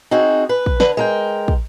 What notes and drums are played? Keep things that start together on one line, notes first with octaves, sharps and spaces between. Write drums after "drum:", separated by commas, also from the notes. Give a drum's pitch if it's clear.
C4 D#4 F#4 G#4
B4
drum: kick
D3 B4, drum: snare
G#3 A#4 G5
drum: kick